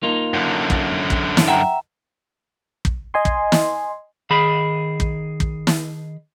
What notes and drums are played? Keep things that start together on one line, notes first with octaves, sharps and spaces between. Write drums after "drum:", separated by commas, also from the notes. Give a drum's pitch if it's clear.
A#3 D#4 F4
F#2 D3
drum: kick
drum: kick
drum: snare
E5 F#5 G5 A#5
drum: kick
D#5 G#5 C6
drum: kick
drum: snare
D#3 G#4 B5
drum: kick
drum: kick
drum: snare